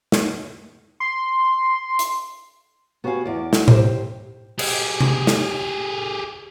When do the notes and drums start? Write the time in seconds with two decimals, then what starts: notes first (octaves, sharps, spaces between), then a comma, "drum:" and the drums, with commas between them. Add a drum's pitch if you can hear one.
0.12 drum: snare
1.00 C6
1.99 drum: hi-hat
3.04 B3 F#4 G4 C#5 F5 G#5
3.25 E2 D5
3.53 drum: snare
3.68 G4 C5, drum: tom A2
4.59 G4 G#4, drum: cymbal
5.01 drum: tom C3
5.27 drum: snare